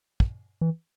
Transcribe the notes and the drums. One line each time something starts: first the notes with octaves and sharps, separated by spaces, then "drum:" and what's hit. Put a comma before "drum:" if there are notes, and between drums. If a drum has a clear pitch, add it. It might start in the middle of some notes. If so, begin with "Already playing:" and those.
drum: kick
E3